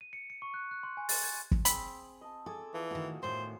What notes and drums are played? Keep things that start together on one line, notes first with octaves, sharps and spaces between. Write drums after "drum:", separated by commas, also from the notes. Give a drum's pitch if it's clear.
D#7
C#7
C#7
C#6
F#6
F#6
C6
G#5
A6, drum: open hi-hat
G#6
drum: kick
C4 G#4 B5, drum: hi-hat
D#5 A5
G#4 A4 G#5 D6
E3 F3 G#4 D5
A2 D#3 F#4
A2 D#3 C5